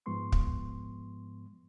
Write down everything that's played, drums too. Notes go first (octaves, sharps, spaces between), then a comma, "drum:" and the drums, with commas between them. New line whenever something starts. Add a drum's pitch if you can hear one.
G#2 F3 G#3 B3 C6 C#6
drum: kick